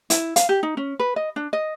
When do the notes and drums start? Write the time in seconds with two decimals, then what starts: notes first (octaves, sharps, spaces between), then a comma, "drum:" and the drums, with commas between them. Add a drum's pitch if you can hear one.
0.10 E4, drum: hi-hat
0.36 F5, drum: hi-hat
0.49 G4
0.63 D#4
0.77 C#4
0.99 B4
1.16 D#5
1.36 D4
1.53 D#5